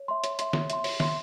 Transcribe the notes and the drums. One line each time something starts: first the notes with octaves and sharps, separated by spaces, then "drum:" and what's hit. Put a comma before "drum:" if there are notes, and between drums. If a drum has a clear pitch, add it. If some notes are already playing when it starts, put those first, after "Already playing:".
Already playing: C#5
E5 C6
C#5, drum: hi-hat
E5 C6, drum: hi-hat
C#5, drum: snare
E5 C6, drum: hi-hat
C#5, drum: open hi-hat
E5 C6, drum: snare